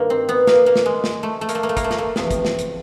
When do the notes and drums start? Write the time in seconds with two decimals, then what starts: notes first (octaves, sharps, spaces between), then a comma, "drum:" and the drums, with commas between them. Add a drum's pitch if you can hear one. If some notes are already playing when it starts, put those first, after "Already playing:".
Already playing: G2 D#3 A#3
0.10 C4
0.29 B3
0.47 A#3, drum: snare
0.66 A#3
0.76 drum: snare
0.86 G#3
1.04 drum: snare
1.23 A3
1.41 A3
1.49 A#3, drum: hi-hat
1.55 A3
1.63 A#3
1.69 A3
1.77 A#3, drum: kick, hi-hat
1.84 A3
1.91 A#3, drum: snare
1.98 A3
2.16 E2 C3 F3, drum: snare
2.31 drum: kick, hi-hat
2.45 drum: snare
2.59 drum: hi-hat